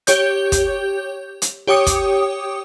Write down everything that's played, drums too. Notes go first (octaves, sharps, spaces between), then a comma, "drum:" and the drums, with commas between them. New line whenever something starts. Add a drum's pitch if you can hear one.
G4 C#5 G6, drum: hi-hat
drum: kick, hi-hat
drum: hi-hat
G4 C#5 G5 D6 D#6 C#7
drum: kick, hi-hat